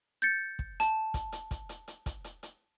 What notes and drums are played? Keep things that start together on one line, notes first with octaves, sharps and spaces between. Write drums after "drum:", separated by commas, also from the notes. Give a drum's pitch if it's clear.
G6 A6 C#7
drum: kick
A5, drum: hi-hat
drum: kick, hi-hat
drum: hi-hat
drum: kick, hi-hat
drum: hi-hat
drum: hi-hat
drum: kick, hi-hat
drum: hi-hat
drum: hi-hat